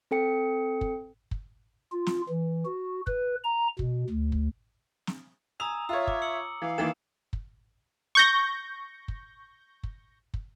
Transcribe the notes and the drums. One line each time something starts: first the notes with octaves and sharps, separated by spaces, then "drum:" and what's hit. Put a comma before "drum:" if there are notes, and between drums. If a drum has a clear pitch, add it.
C4 A4 G5 C#7
drum: kick
drum: kick
F4
drum: snare
E3
F#4
B4, drum: kick
A#5
B2, drum: kick
D2
drum: kick
drum: snare
G#5 A#5 D#6 E6 F7
F4 C#5 E5 E6
D6, drum: kick
E6 C#7 F#7
E3 F5
D#3 E3 A#3 E7
drum: kick
C#6 G6 A#6
drum: kick
drum: kick
drum: kick